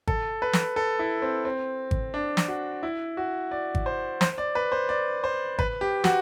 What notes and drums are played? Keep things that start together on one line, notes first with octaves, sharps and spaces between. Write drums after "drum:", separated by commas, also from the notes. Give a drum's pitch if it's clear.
A4, drum: kick G#1
B4
drum: snare
A4
E4
C4
C4
drum: kick G#1
D4
drum: snare
F#4
E4
F#4
D5
drum: kick G#1
C5
C5, drum: snare
D5
B4
C5
D5
C5
B4, drum: kick G#1
G4
F#4, drum: snare